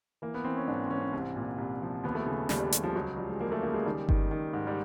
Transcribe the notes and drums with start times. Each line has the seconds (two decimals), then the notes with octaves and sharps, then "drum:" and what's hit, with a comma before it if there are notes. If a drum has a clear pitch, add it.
0.22 E3 A#3
0.34 B3
0.44 E3 C4
0.57 C#4
0.67 G#2 D4
0.86 C4
0.90 E3 C#4
1.02 C4
1.13 C2
1.36 A#2
1.58 C2
1.82 F3
2.04 D#2 B3
2.15 A3
2.27 C#3
2.49 D#2 G3, drum: snare
2.61 G3
2.72 C#3 G3, drum: hi-hat
2.84 F3
2.95 C#2 F#3
3.17 F3 G3
3.29 G#3
3.40 F3 A#3
3.52 A3
3.63 C#3 A#3
3.74 G#3
3.86 D#3 G3
4.09 D#3, drum: kick G1
4.31 D#3
4.53 G#2
4.67 G3